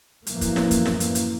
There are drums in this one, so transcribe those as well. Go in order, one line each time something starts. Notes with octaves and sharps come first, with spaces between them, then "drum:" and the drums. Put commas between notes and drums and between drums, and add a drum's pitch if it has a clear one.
F#2 A2 E3 F3 A#3, drum: hi-hat
drum: kick, hi-hat
drum: snare
drum: kick, hi-hat
drum: snare
drum: hi-hat
drum: hi-hat